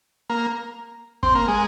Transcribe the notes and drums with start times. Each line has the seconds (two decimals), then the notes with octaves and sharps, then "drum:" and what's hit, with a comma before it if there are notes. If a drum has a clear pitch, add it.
0.30 A#3
1.23 C4, drum: kick
1.35 A#3
1.48 G#3